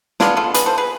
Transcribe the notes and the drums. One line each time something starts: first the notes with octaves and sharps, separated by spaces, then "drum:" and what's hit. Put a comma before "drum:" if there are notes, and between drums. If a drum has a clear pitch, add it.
D3 G#3 B3 D4 F4, drum: snare
F4 A4
G#4 B4, drum: hi-hat
A4 C5
G#4 B4